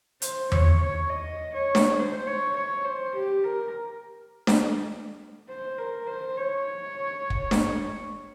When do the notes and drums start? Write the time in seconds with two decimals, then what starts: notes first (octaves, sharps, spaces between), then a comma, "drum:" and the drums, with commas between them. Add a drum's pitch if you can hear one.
0.22 C5, drum: hi-hat
0.52 C#5, drum: tom E2
0.81 C#5
1.10 D#5
1.54 C#5
1.75 drum: snare D4
1.98 C5
2.27 C#5
2.56 C#5
2.85 C5
3.15 G4
3.44 A#4
4.47 drum: snare D4
5.49 C5
5.78 A#4
6.07 C5
6.37 C#5
7.30 drum: kick
7.51 drum: snare D4